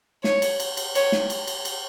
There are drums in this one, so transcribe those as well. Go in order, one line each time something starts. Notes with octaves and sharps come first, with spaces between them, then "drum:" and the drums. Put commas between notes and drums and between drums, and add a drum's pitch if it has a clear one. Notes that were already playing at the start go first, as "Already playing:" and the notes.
C#5, drum: snare
drum: cymbal
drum: cymbal
drum: cymbal
C#5, drum: cymbal
drum: snare
drum: cymbal
drum: cymbal
drum: cymbal